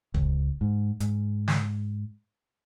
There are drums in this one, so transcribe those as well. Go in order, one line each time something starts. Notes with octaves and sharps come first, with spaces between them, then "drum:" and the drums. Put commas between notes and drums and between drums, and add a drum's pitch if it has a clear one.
C#2, drum: kick
G#2
G#2, drum: hi-hat
drum: snare